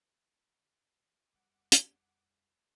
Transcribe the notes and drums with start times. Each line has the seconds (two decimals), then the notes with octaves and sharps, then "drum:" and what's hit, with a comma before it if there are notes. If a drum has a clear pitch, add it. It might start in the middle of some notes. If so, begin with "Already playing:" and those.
1.33 F2 G3 F#5 D6
1.72 drum: hi-hat